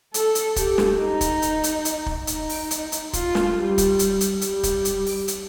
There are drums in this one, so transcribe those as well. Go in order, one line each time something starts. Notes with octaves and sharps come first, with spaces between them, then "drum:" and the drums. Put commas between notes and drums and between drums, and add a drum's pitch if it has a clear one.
A4, drum: hi-hat
drum: hi-hat
G4, drum: kick, hi-hat
drum: snare
D#4
drum: kick, hi-hat
drum: hi-hat
drum: hi-hat
drum: hi-hat
drum: kick
D#4, drum: hi-hat
drum: open hi-hat
drum: hi-hat
drum: hi-hat
F4, drum: kick, hi-hat
drum: snare
G3
drum: kick, hi-hat
drum: hi-hat
drum: hi-hat
G3, drum: hi-hat
drum: kick, hi-hat
drum: hi-hat
drum: open hi-hat
drum: hi-hat